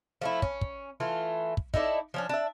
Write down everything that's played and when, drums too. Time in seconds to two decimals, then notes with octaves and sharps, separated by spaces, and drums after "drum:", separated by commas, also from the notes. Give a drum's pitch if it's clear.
0.21 F3 A3 E4
0.42 C#4, drum: kick
0.61 drum: kick
1.00 E3 A3 F4
1.57 drum: kick
1.74 D#4 E4 A4 D5, drum: kick
2.14 F3 C#4 D4
2.29 D4 E5